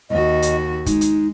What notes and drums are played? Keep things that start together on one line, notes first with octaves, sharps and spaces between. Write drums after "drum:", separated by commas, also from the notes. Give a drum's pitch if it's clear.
D#2 F#4 D#5
drum: hi-hat
G#3 D#4, drum: kick, hi-hat
drum: hi-hat